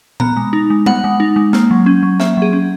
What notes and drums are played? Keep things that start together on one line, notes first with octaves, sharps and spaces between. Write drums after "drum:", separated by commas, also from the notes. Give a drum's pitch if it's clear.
B3 A#5, drum: tom A#2
G#3
D#4
G#3
B3 F#5, drum: tom G3
G#3
D#4
G#3
A#3, drum: snare
F#3
C#4
F#3
A#3 E5, drum: snare
F#3 G#4
C#4